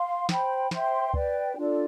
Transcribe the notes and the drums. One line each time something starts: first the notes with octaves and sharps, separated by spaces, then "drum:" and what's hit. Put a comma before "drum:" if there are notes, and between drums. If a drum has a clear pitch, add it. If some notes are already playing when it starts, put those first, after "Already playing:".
Already playing: F5 C6
C5 G5 B5, drum: snare
C5 E5 G5 C6, drum: snare
B4 D5 G5, drum: kick
D4 F4 A4 D5